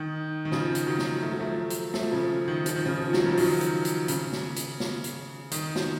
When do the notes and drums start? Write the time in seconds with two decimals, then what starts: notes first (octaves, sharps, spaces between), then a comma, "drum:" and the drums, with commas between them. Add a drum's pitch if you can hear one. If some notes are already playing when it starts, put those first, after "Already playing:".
Already playing: D#3
0.45 D#3
0.51 C#3 F3, drum: snare
0.75 drum: hi-hat
0.87 D#3 F#3
0.99 drum: snare
1.22 A3
1.32 F#3
1.39 F3 A3
1.70 drum: hi-hat
1.94 F3 A3, drum: snare
2.12 C#3 F3
2.48 D#3
2.66 F3, drum: hi-hat
2.76 D#3
2.86 C#3 F3
3.01 F3
3.13 F#3, drum: snare
3.24 C#3 F3
3.37 D#3 F#3, drum: open hi-hat
3.61 drum: hi-hat
3.85 drum: hi-hat
4.08 C#3, drum: hi-hat
4.32 drum: snare
4.56 drum: hi-hat
4.80 drum: snare
5.04 drum: hi-hat
5.51 D#3, drum: hi-hat
5.75 drum: snare